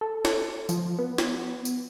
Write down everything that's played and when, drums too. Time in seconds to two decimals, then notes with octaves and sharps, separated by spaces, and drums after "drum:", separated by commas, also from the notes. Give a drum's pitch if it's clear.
0.01 A4
0.25 drum: snare
0.69 F3, drum: tambourine
0.99 B3
1.18 drum: snare
1.65 drum: tambourine